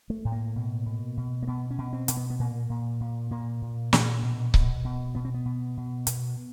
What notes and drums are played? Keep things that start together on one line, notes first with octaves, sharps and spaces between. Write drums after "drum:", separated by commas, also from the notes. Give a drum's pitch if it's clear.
A3
A2
A#3
B2
B2
B2
A#3
B2 B3
C#4
B2
C4
B2, drum: hi-hat
B3
B3
A#2 A#3
A#2
A#2
A#2 A#3
A#2
A#2, drum: snare
B2
B2, drum: kick C#1
B2
B2 B3
C4
B3
B2
B2
B2, drum: hi-hat